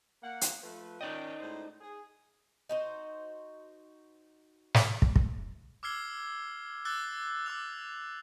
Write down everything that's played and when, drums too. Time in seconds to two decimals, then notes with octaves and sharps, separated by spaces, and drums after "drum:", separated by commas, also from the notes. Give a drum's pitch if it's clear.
0.23 A#3 F#5
0.41 drum: hi-hat
0.63 F3 A3 B4
1.01 D#3 C#4 D#4 D5 D#5 G5
1.40 A2 G#3 C5
1.81 G#4
2.69 D#4 F#4 C5
4.74 drum: snare
5.02 drum: kick
5.16 drum: kick
5.83 D6 E6 F6 G#6 C7 G7
6.85 D6 E6 F#6 A6 G7
7.46 D6 E6 F7